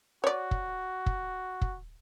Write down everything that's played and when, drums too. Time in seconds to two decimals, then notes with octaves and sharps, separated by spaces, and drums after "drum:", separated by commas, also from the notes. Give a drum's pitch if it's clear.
0.24 F#4 C#5 D5
0.51 drum: kick
1.06 drum: kick
1.61 drum: kick